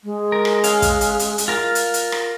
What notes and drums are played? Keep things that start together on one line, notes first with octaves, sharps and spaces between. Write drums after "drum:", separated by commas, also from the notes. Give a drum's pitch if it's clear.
G#3
A#4
drum: rim click
C#4 F5, drum: hi-hat
drum: kick, hi-hat
drum: hi-hat
drum: hi-hat
drum: hi-hat
F4 A#4 F5
drum: hi-hat
drum: hi-hat
drum: rim click